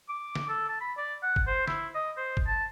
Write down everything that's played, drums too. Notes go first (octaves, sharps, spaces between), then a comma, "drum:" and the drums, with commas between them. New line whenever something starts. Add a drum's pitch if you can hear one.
D6
drum: snare
A4
A5
B5
D5
F#5
drum: kick
C5
E4, drum: snare
D#5
C5
drum: kick
A5